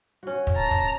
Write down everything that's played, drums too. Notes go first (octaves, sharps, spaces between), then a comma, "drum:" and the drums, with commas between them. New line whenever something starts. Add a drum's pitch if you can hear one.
C#4 F#4
drum: kick
A5 A#5
drum: kick